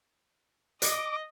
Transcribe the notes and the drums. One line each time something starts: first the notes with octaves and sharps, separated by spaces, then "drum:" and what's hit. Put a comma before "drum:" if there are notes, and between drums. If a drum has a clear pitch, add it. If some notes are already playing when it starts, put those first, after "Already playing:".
D#5 D6, drum: hi-hat